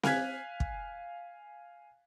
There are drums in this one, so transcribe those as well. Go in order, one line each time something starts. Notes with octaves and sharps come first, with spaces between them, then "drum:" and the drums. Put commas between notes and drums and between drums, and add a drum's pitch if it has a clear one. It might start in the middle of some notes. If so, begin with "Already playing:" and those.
F5 G#5 F6 F#6 G#6 B6, drum: snare C4
drum: kick